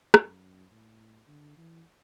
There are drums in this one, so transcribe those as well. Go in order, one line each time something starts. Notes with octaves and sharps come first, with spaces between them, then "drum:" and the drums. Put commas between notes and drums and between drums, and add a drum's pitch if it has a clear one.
F#2, drum: rim click
A2
D3
E3